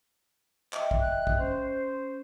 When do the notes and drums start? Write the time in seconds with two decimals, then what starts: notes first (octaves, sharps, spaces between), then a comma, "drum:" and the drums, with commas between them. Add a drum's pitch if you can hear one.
0.73 D#5 E5 G5, drum: clap
0.91 drum: kick
1.01 F#6
1.27 drum: kick
1.38 C#4 C5